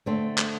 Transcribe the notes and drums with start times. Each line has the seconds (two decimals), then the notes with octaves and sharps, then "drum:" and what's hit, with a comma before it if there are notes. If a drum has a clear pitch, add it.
0.06 D3 A3 C4
0.38 drum: clap